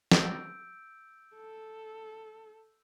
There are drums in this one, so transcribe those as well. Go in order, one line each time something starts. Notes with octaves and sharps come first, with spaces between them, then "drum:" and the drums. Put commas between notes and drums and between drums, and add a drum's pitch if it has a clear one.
E6 G6 D7, drum: snare
A4